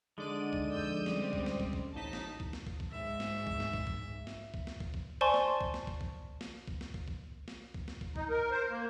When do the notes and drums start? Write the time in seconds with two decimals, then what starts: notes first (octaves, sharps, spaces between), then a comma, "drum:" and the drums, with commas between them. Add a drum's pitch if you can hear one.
0.18 D3 G#3 D4 D#4 D5 D#7
0.53 drum: kick
0.70 F2 E6 G6
1.06 G3 C4 C#4, drum: snare
1.33 drum: kick
1.46 drum: snare
1.60 drum: kick
1.73 drum: kick
1.95 A1 D#4 A5 B6
2.13 drum: snare
2.40 drum: kick
2.53 drum: snare
2.67 drum: kick
2.80 drum: kick
2.91 G#2 E5
3.20 drum: snare
3.47 drum: kick
3.60 drum: snare
3.74 drum: kick
3.87 drum: kick
4.27 drum: snare
4.54 drum: kick
4.67 drum: snare
4.80 drum: kick
4.94 drum: kick
5.21 C5 D5 G#5 A5 C6 C#6
5.34 drum: snare
5.61 drum: kick
5.74 drum: snare
5.87 drum: kick
6.01 drum: kick
6.41 drum: snare
6.68 drum: kick
6.81 drum: snare
6.94 drum: kick
7.08 drum: kick
7.48 drum: snare
7.74 drum: kick
7.88 drum: snare
8.01 drum: kick
8.16 D#4, drum: kick
8.30 A#4
8.51 C5
8.70 A#3